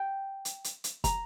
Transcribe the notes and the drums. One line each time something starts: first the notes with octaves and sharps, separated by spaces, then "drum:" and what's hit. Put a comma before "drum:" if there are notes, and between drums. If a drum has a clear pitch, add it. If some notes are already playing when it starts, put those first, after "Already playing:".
Already playing: G5
drum: hi-hat
drum: hi-hat
drum: hi-hat
A#5, drum: kick, hi-hat